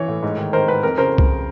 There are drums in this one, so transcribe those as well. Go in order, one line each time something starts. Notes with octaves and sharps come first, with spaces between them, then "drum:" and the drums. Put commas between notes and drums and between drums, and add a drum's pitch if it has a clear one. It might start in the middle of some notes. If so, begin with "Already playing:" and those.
Already playing: E3 C#5
A2
G#2
D#3
D#3 A#4 C5
G#2 B4
F2 A#4
C#3 A#4 C5
drum: kick C2